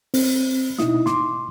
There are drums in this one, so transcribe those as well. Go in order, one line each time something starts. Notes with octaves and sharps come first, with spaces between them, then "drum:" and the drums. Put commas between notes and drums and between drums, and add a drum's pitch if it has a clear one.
C4, drum: open hi-hat
B2 D#4 E4 D#6, drum: snare
C6 D6, drum: snare